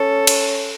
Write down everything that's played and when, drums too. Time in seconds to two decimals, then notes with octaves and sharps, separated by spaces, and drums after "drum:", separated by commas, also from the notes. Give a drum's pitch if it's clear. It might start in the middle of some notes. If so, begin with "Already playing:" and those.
Already playing: C#4 A4
0.27 drum: cymbal